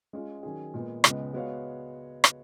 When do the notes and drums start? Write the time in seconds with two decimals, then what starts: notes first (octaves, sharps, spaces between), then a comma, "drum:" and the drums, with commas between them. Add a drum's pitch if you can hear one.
0.13 G#3 C#4 F4 G#4
0.43 D#3 F#3 C#4 G#4
0.74 A#2 G#3 B3
1.04 C#2 C#3 G#3 B3, drum: rim click
1.33 G#3 B3 F#4 C#5 F5
2.24 drum: rim click